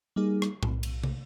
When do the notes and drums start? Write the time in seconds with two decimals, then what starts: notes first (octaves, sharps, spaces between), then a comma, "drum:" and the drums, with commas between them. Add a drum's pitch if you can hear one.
0.16 G3 A#3 D#4 G#4
0.42 drum: rim click
0.63 B1, drum: tom A2
0.83 drum: cymbal
1.04 drum: tom